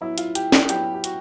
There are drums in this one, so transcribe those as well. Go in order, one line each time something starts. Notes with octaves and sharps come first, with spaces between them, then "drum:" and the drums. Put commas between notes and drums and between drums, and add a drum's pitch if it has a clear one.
A2 F#3 B3 E4
F4, drum: hi-hat
G4, drum: hi-hat
drum: snare
A2 F#3 B3 G4, drum: hi-hat
G4
F#4, drum: hi-hat